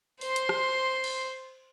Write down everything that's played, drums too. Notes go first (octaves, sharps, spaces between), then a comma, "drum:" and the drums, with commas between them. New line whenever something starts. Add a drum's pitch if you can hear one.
C5 C6, drum: open hi-hat
drum: hi-hat
drum: rim click
drum: cymbal